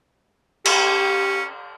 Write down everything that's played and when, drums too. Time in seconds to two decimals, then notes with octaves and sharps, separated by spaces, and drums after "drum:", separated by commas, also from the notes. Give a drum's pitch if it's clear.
0.65 C#4 G4, drum: cymbal